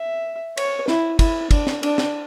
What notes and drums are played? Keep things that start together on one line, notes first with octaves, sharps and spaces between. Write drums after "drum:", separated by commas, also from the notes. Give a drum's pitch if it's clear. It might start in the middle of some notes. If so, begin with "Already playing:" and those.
Already playing: E5
C#5, drum: cymbal
E4, drum: snare
E4, drum: kick, cymbal
D4, drum: kick, cymbal
drum: snare
D4, drum: cymbal
drum: snare